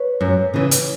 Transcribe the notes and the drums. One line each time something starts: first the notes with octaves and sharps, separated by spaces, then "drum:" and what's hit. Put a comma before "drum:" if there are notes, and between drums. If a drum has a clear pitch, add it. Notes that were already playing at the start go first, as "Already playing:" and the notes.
Already playing: B4 C#5
F#2
C#3 E3
drum: hi-hat